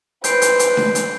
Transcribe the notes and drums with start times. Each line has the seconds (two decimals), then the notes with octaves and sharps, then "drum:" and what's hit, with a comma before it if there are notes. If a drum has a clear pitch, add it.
0.24 B4 C5 G6 C7 D7, drum: hi-hat
0.42 drum: hi-hat
0.59 drum: hi-hat
0.77 drum: snare D4
0.95 drum: hi-hat